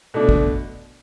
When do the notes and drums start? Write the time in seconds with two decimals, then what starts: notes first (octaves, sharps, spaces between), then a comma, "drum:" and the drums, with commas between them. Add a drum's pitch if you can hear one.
0.14 B2 A3 D4
0.29 drum: kick